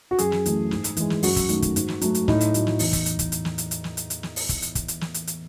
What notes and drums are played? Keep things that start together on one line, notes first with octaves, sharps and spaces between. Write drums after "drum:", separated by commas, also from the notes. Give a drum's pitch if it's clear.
F#4
F#2 G#4, drum: hi-hat
drum: snare
E3 A3, drum: hi-hat
G#2, drum: snare
drum: hi-hat
E3 G#3, drum: hi-hat
drum: snare
F#2 F#4, drum: open hi-hat
drum: kick, hi-hat
D#3 A3, drum: hi-hat
drum: kick, hi-hat
G#2, drum: hi-hat
drum: snare
F#3 A3, drum: hi-hat
drum: hi-hat
A2 D#4, drum: snare
drum: hi-hat
F#3 A3, drum: hi-hat
drum: snare
E2, drum: open hi-hat
drum: kick, hi-hat
drum: hi-hat
drum: kick, hi-hat
drum: hi-hat
drum: snare
drum: hi-hat
drum: hi-hat
drum: snare
drum: hi-hat
drum: hi-hat
drum: snare
drum: open hi-hat
drum: kick, hi-hat
drum: hi-hat
drum: kick, hi-hat
drum: hi-hat
drum: snare
drum: hi-hat
drum: hi-hat